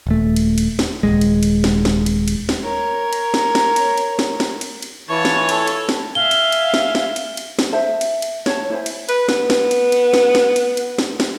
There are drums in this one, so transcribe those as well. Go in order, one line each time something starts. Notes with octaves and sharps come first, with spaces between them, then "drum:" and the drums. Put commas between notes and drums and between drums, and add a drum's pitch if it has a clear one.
D#1 A3
drum: cymbal
drum: cymbal
drum: snare
D#1 E2 G#3
drum: cymbal
drum: cymbal
drum: snare
drum: snare
drum: cymbal
drum: cymbal
drum: snare
A#4 C#5
drum: cymbal
drum: snare
drum: snare
drum: cymbal
drum: cymbal
drum: snare
drum: snare
drum: cymbal
drum: cymbal
E3 F4 C#5 A5 C#6
drum: snare
A4, drum: cymbal
drum: cymbal
drum: snare
E5 F5 G#5 G7
drum: cymbal
drum: cymbal
drum: snare
drum: snare
drum: cymbal
drum: cymbal
drum: snare
C5 E5 A5
drum: cymbal
drum: cymbal
C#5 A5, drum: snare
E4 C5 G#5
drum: cymbal
B4, drum: cymbal
B3, drum: snare
drum: snare
drum: cymbal
drum: cymbal
drum: snare
drum: snare
drum: cymbal
drum: cymbal
drum: snare
drum: snare